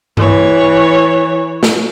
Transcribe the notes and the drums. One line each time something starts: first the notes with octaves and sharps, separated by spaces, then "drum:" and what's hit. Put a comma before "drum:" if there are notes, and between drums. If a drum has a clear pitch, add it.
E3 C#5, drum: tom G2
drum: snare